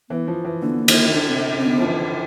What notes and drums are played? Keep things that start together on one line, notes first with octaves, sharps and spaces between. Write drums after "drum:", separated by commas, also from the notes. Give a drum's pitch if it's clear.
E3 B3
F3
E3
D3 A#3
B3
A#3
D#3, drum: cymbal
D#3
D3
C3
C3
C#3
C4
D3 B3
F3
E3